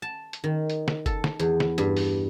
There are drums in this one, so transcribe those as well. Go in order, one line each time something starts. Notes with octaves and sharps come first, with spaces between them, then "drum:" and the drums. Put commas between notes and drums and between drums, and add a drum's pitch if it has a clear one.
A5
drum: hi-hat
D#3
drum: hi-hat
drum: snare
A4, drum: kick F#1, hi-hat
drum: snare
E2, drum: hi-hat
drum: snare
G2, drum: hi-hat
drum: open hi-hat